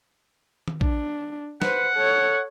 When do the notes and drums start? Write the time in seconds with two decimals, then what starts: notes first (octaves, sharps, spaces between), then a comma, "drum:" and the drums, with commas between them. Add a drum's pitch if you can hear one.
0.68 drum: tom D#3
0.81 D4, drum: kick
1.62 B4 C5 F#5, drum: snare
1.96 A4 C#5